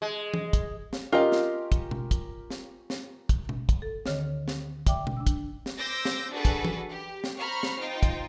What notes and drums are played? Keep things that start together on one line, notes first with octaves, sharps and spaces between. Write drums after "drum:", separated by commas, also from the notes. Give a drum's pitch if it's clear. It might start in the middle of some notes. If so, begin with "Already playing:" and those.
G#3
drum: tom E3
drum: kick, hi-hat
drum: snare
C#4 F4 G4 A#4 D#5
drum: snare
drum: kick, hi-hat
drum: tom B2
drum: kick, hi-hat
drum: snare
drum: snare
drum: kick, hi-hat
drum: tom B2
drum: kick, hi-hat
A4
D2 D3 D#3 C#5 F6, drum: snare
drum: snare
D5 E5 G5 D6, drum: kick, hi-hat
drum: tom B2
D4 E6
drum: kick, hi-hat
drum: snare
C5 D6 E6 G6 A#6
drum: snare
D4 F#4 G#4 A4 B4
drum: kick, hi-hat
drum: tom E3
G4
drum: snare
C5 A#5 B5 C#6 F6
drum: snare
D#4 F4 C5 G5
drum: kick, hi-hat